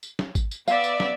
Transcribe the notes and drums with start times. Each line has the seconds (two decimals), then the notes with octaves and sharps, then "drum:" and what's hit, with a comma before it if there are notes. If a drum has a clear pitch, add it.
0.03 drum: tambourine
0.19 drum: snare
0.35 drum: kick G#1, tambourine
0.51 drum: tambourine
0.68 B3 D5 E5 F5, drum: tambourine
0.84 drum: tambourine
1.00 drum: snare